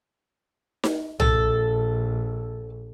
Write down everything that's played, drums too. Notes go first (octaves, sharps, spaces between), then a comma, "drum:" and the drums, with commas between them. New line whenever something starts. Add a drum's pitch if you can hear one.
drum: snare D#4
A#1 A4, drum: tom B1